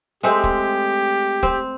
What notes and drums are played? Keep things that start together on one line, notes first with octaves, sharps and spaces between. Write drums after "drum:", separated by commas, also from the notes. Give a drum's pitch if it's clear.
G#3 A3 C4 G4
drum: kick
C4, drum: kick